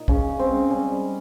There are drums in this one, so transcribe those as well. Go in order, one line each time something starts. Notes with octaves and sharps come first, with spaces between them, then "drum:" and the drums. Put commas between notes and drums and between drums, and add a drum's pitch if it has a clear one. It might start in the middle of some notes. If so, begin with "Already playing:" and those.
Already playing: A#2 D#4
C#3 C#4, drum: kick
C#3
C4
G#3
G3 C#4
G3